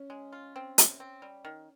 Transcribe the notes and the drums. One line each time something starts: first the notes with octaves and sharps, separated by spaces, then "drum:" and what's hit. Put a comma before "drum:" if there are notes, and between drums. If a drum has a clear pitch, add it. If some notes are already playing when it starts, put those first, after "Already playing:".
Already playing: C#4
G#3
F4
C4
C3, drum: hi-hat
C4
G3
D#3